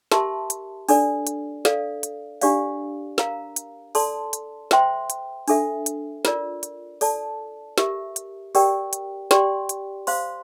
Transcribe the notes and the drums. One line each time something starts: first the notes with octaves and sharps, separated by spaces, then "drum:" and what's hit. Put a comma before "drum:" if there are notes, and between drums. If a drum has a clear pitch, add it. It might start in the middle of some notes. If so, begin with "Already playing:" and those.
G4 A#4 E5 A5 C6, drum: snare
drum: hi-hat
D4 A4 D5, drum: open hi-hat
drum: hi-hat
A4 D5 F5, drum: snare
drum: hi-hat
D4 G4 D5 F5, drum: open hi-hat
A#4 F5 A#5, drum: snare
drum: hi-hat
A4 D5 A5 C6, drum: open hi-hat
drum: hi-hat
C5 E5 G5 C6, drum: snare
drum: hi-hat
D4 A4 E5, drum: open hi-hat
drum: hi-hat
F4 A#4 D5, drum: snare
drum: hi-hat
A4 D5 A5, drum: open hi-hat
G4 A#4 E5, drum: snare
drum: hi-hat
G4 A#4 D5 G5, drum: open hi-hat
drum: hi-hat
G4 D5 G5 C6, drum: snare
drum: hi-hat
C5 F5 C6, drum: open hi-hat